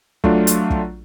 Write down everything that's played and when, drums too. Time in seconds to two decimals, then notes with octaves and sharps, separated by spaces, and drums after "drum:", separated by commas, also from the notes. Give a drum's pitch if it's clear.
0.24 F#3 A3 D4 F4, drum: kick
0.47 drum: hi-hat
0.70 drum: kick